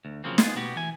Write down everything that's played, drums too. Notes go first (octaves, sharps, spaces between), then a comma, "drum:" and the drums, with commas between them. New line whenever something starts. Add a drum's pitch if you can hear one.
D2
C#3 F3 F#3 A#3 C4
B3 F4 G#4, drum: snare
B2 B3 F#4 G4
E3 G#5